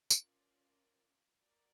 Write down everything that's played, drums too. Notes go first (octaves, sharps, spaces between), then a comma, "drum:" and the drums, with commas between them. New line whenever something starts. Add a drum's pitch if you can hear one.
C#4 F4 A#4 D5, drum: tambourine
F#4 A#4 D5